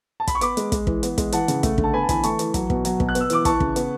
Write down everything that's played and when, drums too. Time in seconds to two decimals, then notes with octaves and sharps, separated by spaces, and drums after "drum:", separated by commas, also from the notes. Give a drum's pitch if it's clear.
0.20 A5
0.27 B5, drum: kick, hi-hat
0.35 C#6
0.41 B3 B5 D6, drum: hi-hat
0.57 G#3, drum: hi-hat
0.72 G#3, drum: kick, hi-hat
0.87 E3, drum: kick
1.03 B3, drum: hi-hat
1.18 G#3, drum: kick, hi-hat
1.32 E3 F#5 A5, drum: hi-hat
1.48 C#3, drum: hi-hat
1.63 A3, drum: kick, hi-hat
1.78 D3, drum: kick
1.84 A5
1.94 B3 G#5 B5
2.03 A5
2.09 E3 G#5 B5, drum: kick, hi-hat
2.23 A3 A5 C#6, drum: hi-hat
2.39 E3, drum: hi-hat
2.54 F#3, drum: kick, hi-hat
2.70 B2, drum: kick
2.85 F#3, drum: hi-hat
3.00 B2, drum: kick
3.09 F#6
3.15 B3, drum: hi-hat
3.21 E6
3.30 E3 D6, drum: hi-hat
3.45 E3 A5 C#6, drum: kick, hi-hat
3.60 C#3, drum: kick
3.76 B3, drum: hi-hat